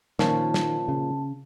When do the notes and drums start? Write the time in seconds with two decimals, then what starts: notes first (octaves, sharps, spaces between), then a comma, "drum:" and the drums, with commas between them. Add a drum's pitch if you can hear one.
0.19 A#2 D#3 F3 C#4 A5, drum: snare
0.54 drum: snare
0.88 C#3